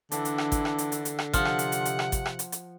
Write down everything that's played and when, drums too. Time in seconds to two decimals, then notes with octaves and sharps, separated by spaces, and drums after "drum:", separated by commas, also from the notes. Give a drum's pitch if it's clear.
0.12 D3 E3 D4, drum: hi-hat
0.25 drum: hi-hat
0.38 drum: rim click
0.52 drum: kick, hi-hat
0.65 drum: rim click
0.78 drum: hi-hat
0.92 drum: hi-hat
1.05 drum: hi-hat
1.19 drum: rim click
1.33 C3 F3 F#5, drum: kick, hi-hat
1.45 drum: rim click
1.59 drum: hi-hat
1.72 drum: hi-hat
1.85 drum: hi-hat
1.99 drum: rim click
2.12 drum: kick, hi-hat
2.26 drum: rim click
2.39 drum: hi-hat
2.52 drum: hi-hat